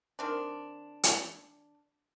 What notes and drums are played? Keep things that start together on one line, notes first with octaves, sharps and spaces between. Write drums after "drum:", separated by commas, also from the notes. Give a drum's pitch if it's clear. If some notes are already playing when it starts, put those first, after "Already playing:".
D#3 C4 D4
drum: hi-hat